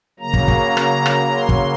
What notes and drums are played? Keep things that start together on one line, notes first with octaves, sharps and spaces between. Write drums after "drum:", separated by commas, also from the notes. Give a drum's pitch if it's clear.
C#3 F#3 A#3 A#5
drum: kick
drum: kick
drum: rim click
drum: rim click
C6
drum: kick